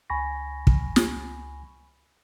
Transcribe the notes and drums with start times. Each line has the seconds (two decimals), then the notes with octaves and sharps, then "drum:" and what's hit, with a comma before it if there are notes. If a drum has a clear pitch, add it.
0.10 C#2 G#5 B5 C#6 A#6
0.67 drum: kick
0.96 drum: snare